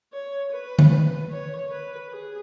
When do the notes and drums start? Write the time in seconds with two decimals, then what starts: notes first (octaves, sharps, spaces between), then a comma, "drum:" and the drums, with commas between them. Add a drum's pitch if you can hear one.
0.13 C#5
0.52 B4
0.79 drum: tom D3
1.31 C#5
1.71 B4
2.11 G#4